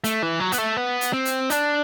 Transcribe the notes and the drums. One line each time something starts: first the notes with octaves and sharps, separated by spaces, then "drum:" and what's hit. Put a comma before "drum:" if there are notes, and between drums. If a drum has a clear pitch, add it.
A3, drum: hi-hat
E3
F#3
B3, drum: hi-hat
A3
B3
drum: hi-hat
C4
drum: hi-hat
D4, drum: hi-hat